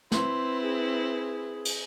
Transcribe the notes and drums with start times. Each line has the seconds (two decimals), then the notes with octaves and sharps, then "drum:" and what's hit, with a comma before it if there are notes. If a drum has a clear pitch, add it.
0.12 C4 E4 B4 C6, drum: snare
0.62 G#4
1.65 drum: cymbal